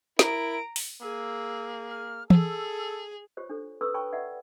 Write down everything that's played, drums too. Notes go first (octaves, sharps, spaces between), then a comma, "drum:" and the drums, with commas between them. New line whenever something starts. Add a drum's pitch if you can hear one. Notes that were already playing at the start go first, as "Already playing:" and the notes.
E4 A#4 A#5 D7, drum: snare
drum: open hi-hat
A#3 G#4 E6
F6
G#4 A4 E6, drum: tom E3
F4 G4 C5 C#5
D4 A4 C5
A4 B4 B5 C#6 D#6 E6
G4 C#5 G5 A5 B5 C#6
B4 D5 E5 F#5 A5